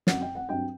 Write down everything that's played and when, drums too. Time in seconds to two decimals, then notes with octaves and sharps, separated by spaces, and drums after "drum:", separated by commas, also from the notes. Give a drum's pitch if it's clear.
0.07 F#2 F#3 C4 F#5, drum: snare
0.21 G5
0.35 F#5
0.49 G2 F#3 C4 G5